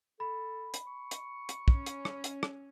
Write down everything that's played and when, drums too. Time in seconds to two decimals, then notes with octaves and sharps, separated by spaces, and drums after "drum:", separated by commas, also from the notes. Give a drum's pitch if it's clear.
0.20 A4 B5
0.74 drum: hi-hat
0.87 C#6
1.11 drum: hi-hat
1.49 drum: hi-hat
1.68 C#4, drum: kick
1.86 drum: hi-hat
2.05 drum: rim click
2.24 drum: hi-hat
2.43 drum: rim click